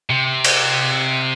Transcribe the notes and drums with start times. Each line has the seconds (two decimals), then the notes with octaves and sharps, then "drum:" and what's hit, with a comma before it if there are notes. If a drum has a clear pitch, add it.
0.10 C3
0.44 drum: cymbal